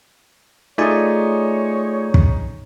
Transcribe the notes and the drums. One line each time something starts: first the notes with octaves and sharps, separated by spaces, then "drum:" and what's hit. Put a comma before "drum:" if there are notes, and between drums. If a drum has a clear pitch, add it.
A3 D#4 F4 G#4 C#5 D5 G#5
drum: kick